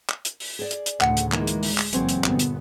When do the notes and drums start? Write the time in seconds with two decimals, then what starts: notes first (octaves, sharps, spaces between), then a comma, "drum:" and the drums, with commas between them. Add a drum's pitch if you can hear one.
0.10 drum: clap
0.25 drum: hi-hat
0.40 drum: open hi-hat
0.59 G#4 D5
0.71 drum: hi-hat
0.86 drum: hi-hat
1.01 D2 A2 C#3 F#5, drum: clap
1.17 drum: hi-hat
1.32 D#3 E3 G#3 A#3, drum: clap
1.47 drum: hi-hat
1.63 drum: open hi-hat
1.78 drum: clap
1.93 F#1 E3 F#3 C4, drum: hi-hat
2.09 drum: hi-hat
2.24 G1 A#2 B3, drum: clap
2.39 drum: hi-hat